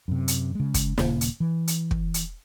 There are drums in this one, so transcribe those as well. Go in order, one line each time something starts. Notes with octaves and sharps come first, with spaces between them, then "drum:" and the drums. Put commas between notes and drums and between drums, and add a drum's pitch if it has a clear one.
F#2 C3
drum: hi-hat
C#3 G#3
drum: kick, hi-hat
D#1 E2 C#3 A#3, drum: snare
drum: hi-hat
E3
drum: hi-hat
drum: kick
drum: hi-hat